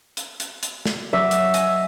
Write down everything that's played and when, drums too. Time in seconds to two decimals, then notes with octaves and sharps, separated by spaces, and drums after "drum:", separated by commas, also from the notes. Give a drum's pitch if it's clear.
0.17 drum: hi-hat
0.40 drum: hi-hat
0.63 drum: hi-hat
0.85 drum: snare
1.13 F#3 E5 D6
1.31 drum: hi-hat
1.54 D#5 G#5 E6, drum: hi-hat